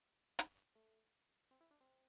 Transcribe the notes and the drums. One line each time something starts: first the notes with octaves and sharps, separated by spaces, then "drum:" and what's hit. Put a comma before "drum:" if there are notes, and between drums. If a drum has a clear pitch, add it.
drum: hi-hat
A3
C4
E4
D4
C4